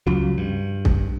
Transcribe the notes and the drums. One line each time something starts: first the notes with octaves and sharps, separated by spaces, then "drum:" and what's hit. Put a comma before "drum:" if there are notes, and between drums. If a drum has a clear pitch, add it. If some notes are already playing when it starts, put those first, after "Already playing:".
C#2 C#3 F3 F#3
G2
drum: kick